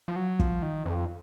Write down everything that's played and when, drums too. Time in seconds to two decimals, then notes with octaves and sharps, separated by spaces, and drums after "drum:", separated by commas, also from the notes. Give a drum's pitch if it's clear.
0.08 F3
0.16 F#3
0.39 F3, drum: kick
0.62 D#3
0.86 F2